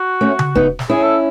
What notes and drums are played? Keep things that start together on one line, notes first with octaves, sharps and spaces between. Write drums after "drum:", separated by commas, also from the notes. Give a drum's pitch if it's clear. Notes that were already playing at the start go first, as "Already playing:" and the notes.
Already playing: F#4
A3 C#4
drum: tom C#3
B3 D#4, drum: kick D#1
drum: snare
C#4 E4 G#4
A4